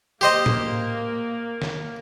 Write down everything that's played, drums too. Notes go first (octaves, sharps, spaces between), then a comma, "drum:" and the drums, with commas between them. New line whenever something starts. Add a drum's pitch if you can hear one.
A#3 G4 C5 D#5
drum: tom A2
drum: snare